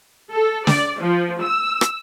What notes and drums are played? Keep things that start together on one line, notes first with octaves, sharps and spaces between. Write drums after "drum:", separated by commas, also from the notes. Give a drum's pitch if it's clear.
A4
D5, drum: snare
F3
E6
drum: rim click